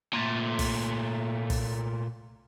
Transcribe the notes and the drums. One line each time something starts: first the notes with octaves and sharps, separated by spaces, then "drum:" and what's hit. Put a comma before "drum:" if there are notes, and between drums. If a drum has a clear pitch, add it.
A#2 A3
drum: kick, open hi-hat
drum: kick, open hi-hat